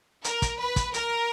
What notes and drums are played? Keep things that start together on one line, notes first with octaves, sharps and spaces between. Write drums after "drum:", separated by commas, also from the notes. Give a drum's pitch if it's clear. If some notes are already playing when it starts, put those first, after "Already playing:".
A#4, drum: hi-hat
drum: kick, hi-hat
B4
drum: kick, hi-hat
A#4, drum: hi-hat